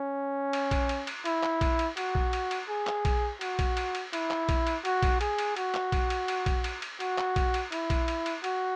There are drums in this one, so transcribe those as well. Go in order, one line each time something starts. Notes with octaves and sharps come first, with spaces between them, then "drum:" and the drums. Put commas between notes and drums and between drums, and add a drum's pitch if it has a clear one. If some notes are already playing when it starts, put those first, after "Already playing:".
Already playing: C#4
drum: cymbal
drum: kick A#1, cymbal
drum: cymbal
drum: cymbal
E4, drum: cymbal
drum: clap
drum: kick A#1, cymbal
drum: cymbal
F#4, drum: cymbal
drum: kick A#1
drum: cymbal
drum: cymbal
G#4
drum: clap
drum: kick A#1, cymbal
F#4, drum: cymbal
drum: kick A#1, cymbal
drum: cymbal
drum: cymbal
E4, drum: cymbal
drum: clap
drum: kick A#1, cymbal
drum: cymbal
F#4, drum: cymbal
drum: kick A#1, cymbal
G#4, drum: cymbal
drum: cymbal
F#4, drum: cymbal
drum: clap
drum: kick A#1, cymbal
drum: cymbal
drum: cymbal
drum: kick A#1, cymbal
drum: cymbal
drum: cymbal
F#4, drum: cymbal
drum: clap
drum: kick A#1, cymbal
drum: cymbal
E4, drum: cymbal
drum: kick A#1, cymbal
drum: cymbal
drum: cymbal
F#4, drum: cymbal